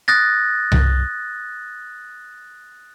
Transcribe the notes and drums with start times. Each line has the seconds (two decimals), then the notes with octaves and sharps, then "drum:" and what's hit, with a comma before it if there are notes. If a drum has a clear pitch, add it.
0.08 D#6 F#6 A6 A#6
0.72 drum: tom C2